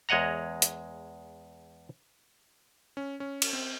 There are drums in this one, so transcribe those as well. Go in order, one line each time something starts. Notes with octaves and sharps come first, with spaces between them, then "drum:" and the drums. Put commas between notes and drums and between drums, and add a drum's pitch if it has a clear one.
E2 G#3 C#5 D#5 F#5 A#5
drum: hi-hat
C#4
C#4
drum: cymbal
C4